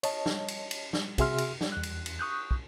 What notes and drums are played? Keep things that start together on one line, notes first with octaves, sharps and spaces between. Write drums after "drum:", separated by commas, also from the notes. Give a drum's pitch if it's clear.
C#5 D#5 A5, drum: cymbal
drum: snare
drum: cymbal
drum: cymbal
drum: snare
C3 F#4 G#4 E5 C6 F6, drum: kick, cymbal
drum: cymbal
drum: snare
E2 F#6
drum: cymbal
drum: cymbal
C#6 D#6 F#6 G6
drum: kick